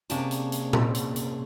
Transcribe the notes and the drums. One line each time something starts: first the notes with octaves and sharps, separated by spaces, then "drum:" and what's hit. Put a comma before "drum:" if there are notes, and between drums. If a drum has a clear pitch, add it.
C3 A#3 C#4 G#4 D5 A5, drum: hi-hat
drum: hi-hat
drum: hi-hat
drum: tom A#2
drum: hi-hat
drum: hi-hat